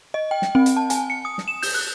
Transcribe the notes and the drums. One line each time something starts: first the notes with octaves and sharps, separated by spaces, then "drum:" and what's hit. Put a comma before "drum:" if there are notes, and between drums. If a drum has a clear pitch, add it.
D#5
G5
drum: snare
C4
drum: hi-hat
A5
G#5, drum: hi-hat
C#7
D#6
drum: snare
E7
G6, drum: open hi-hat
F#6